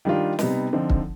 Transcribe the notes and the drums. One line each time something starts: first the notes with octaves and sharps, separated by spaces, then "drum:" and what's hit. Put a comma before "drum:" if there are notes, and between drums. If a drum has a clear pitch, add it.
D#3 G3 D4 F4
C3 G3 B3 D#4, drum: snare
D3 F3 C4 D#4
drum: kick